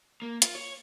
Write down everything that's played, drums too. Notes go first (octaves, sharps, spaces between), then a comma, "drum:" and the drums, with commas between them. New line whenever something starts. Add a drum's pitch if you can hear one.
A#3
F4, drum: hi-hat
C#5